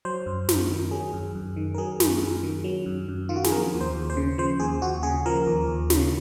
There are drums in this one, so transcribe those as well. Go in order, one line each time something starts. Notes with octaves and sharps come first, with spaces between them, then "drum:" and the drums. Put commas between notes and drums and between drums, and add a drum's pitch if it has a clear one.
F#3 C5
F#2
F#2, drum: snare
D#3
F#3 G#4
F#2
F#2
D#3
A#4
F#3 G#4
F#2, drum: snare
F#2
D#3
F#3
F#2
F#2
D#3 F4
F#4
G#4, drum: snare
F3 A#4
D#2
C5
D#2
C5
C#3
F3 C5
D#2 G#4
D#2 F#4
C#3 G#4
F3 A#4
D#2
D#2
C#3, drum: snare